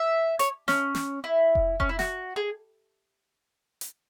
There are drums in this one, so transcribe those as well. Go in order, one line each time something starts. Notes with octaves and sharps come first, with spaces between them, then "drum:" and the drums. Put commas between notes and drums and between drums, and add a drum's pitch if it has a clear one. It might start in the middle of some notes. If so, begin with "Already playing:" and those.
Already playing: E5
C#5, drum: hi-hat
C#4, drum: snare
drum: snare
E4
drum: kick F1
C#4, drum: kick F1
E4
F#4, drum: snare
G#4
drum: hi-hat